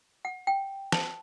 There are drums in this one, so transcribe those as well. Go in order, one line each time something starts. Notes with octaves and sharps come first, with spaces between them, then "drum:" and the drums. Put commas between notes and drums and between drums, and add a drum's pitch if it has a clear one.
F#5
G5
A5, drum: snare